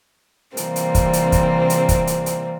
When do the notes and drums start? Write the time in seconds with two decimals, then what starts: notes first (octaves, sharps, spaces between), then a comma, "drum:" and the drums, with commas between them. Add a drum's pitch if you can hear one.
0.57 C3 E3 G3 A#3 C4, drum: hi-hat
0.76 drum: hi-hat
0.95 drum: kick, hi-hat
1.13 drum: hi-hat
1.32 drum: kick, hi-hat
1.70 drum: hi-hat
1.89 drum: kick, hi-hat
2.07 drum: hi-hat
2.26 drum: hi-hat